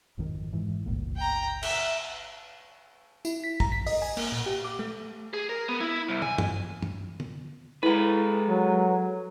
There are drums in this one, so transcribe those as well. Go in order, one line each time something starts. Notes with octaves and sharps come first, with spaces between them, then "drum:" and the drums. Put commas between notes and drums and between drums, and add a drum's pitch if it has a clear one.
G#1 F2 D#3
G#2 E3
G1 C#2 A#2
G5 A#5
E5, drum: cymbal
E4, drum: tambourine
B6
A#5, drum: kick
B6
D#5, drum: open hi-hat
G#5
A#3, drum: cymbal
A#2
G4
D6
A3
G#4
A#4
B3
E4
C2
G#5, drum: tom
drum: tom
drum: tom
drum: tom
G#3 E4 A4 B4 A#5
F#3